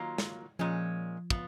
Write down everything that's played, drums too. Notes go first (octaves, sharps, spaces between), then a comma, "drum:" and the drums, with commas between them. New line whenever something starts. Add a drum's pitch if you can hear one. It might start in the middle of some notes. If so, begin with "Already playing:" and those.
Already playing: D#3 F#3 A#3 F4
drum: snare
A#2 F3 G#3 C#4
B3 F4, drum: kick